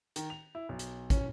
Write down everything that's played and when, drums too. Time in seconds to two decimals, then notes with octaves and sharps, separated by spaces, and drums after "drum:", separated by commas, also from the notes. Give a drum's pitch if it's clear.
0.16 D#3, drum: hi-hat
0.30 F7
0.55 E4
0.69 B1
0.79 drum: hi-hat
1.10 C#4, drum: kick, hi-hat